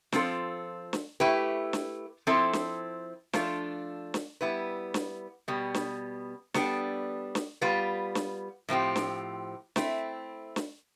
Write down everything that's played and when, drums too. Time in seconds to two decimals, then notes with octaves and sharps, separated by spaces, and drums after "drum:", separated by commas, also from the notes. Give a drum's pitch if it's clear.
0.12 F3 C4 F4 A4, drum: snare
0.93 drum: snare
1.20 A3 E4 G4 B4
1.73 drum: snare
2.27 F3 C4 E4 A4
2.53 drum: snare
3.33 F3 A3 D4 F4 A4, drum: snare
4.14 drum: snare
4.41 G3 B3 E4 B4
4.94 drum: snare
5.48 B2 G3 B3
5.74 drum: snare
6.54 G3 B3 D4 A4, drum: snare
7.35 drum: snare
7.61 G3 B3 F4 B4
8.15 drum: snare
8.69 A2 F3 C4 G4
8.96 drum: snare
9.76 A3 C4 E4, drum: snare
10.56 drum: snare